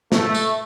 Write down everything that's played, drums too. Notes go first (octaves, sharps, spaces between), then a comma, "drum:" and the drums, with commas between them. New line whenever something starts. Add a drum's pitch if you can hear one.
A3, drum: snare
drum: tambourine